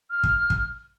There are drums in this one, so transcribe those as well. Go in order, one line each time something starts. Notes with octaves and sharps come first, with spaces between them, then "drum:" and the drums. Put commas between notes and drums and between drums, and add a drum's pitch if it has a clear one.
F6
drum: kick
drum: kick